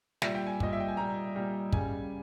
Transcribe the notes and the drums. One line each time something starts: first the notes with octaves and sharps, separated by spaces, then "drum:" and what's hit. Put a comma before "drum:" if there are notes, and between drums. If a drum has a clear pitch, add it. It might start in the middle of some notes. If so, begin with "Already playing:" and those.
A#2 G3 E5, drum: snare
G5
G#5
A#2 G3 D#5, drum: kick
E5
G5
G#5
A#2 G3 A#5
A#2 G3
C#3 G3 G#5, drum: kick